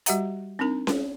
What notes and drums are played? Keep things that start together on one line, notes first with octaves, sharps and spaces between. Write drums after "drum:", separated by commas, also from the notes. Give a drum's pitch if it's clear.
G3 F#4 G4 E5 F#5 A#5, drum: hi-hat
C4 D4 D#4 A#4 A#5
drum: snare C#4